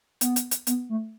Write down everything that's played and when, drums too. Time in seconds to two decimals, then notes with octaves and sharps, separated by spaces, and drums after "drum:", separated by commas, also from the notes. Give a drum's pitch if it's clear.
0.21 B3, drum: hi-hat
0.36 drum: hi-hat
0.51 drum: hi-hat
0.67 B3, drum: hi-hat
0.89 A3